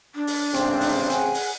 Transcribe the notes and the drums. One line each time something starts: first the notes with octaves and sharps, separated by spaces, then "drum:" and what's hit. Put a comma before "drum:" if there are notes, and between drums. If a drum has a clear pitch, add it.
D4
drum: open hi-hat
A1 G#2 C#3 C4, drum: hi-hat
drum: open hi-hat
G#4 F#5 G#5, drum: hi-hat
drum: open hi-hat